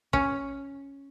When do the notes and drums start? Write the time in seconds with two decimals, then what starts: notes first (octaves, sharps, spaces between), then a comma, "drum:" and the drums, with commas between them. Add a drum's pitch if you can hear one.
0.13 C#4, drum: kick A1